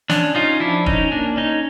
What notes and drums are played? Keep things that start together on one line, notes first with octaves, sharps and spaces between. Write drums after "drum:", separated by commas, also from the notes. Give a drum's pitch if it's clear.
C#4 D4, drum: snare
C#4 D#4 F4
F3 D4 E4
C#4 D#4, drum: kick
A#3 D4
C#4 D#4